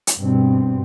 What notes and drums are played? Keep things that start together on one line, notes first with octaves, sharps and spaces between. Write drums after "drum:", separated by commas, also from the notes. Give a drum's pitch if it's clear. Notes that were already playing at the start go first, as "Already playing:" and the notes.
drum: hi-hat
G2 B2 C4